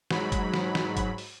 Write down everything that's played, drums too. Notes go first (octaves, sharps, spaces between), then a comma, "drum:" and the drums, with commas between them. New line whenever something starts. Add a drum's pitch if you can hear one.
G#2 F#3 B5, drum: snare
drum: kick, hi-hat
drum: snare
drum: snare
drum: kick, hi-hat
drum: open hi-hat